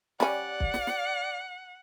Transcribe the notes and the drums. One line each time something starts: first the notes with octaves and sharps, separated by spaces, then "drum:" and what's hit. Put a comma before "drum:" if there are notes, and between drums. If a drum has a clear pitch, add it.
G3 C#4 D5 F#5, drum: snare
drum: kick
drum: snare
drum: snare